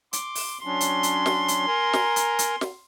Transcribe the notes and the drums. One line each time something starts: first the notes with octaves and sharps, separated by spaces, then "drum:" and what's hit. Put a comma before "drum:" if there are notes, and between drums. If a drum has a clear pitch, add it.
C6 D6, drum: hi-hat
drum: open hi-hat
F#3 C#4 D4 C6
drum: hi-hat
drum: hi-hat
drum: snare
drum: hi-hat
A#4 G#5 A#5
drum: snare
drum: hi-hat
drum: hi-hat
drum: snare